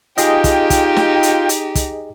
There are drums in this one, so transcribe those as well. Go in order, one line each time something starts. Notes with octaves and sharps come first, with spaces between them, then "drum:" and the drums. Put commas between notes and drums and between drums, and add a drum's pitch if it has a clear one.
D#4 F4 G4 G#4 D#5 G5, drum: hi-hat
drum: kick, hi-hat
drum: kick, hi-hat
drum: snare
drum: hi-hat
drum: hi-hat
drum: kick, hi-hat